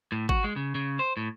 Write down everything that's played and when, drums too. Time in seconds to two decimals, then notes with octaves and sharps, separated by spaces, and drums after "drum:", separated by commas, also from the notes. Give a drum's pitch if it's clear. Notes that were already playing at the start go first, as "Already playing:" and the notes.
0.12 A2
0.29 F#4, drum: kick G#1
0.44 G#3
0.56 C#3
0.75 C#3
0.99 C5
1.17 A2